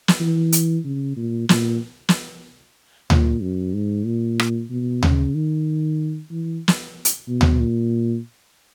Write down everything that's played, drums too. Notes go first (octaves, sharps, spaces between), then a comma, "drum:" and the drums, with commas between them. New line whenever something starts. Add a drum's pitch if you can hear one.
drum: snare
E3
drum: hi-hat
C#3
A#2
A#2, drum: snare
drum: snare
A#2, drum: tom D2
F#2
G#2
A#2
drum: rim click
B2
C#3, drum: tom D2
D#3
E3
drum: snare
drum: hi-hat
B2
drum: tom D2
A#2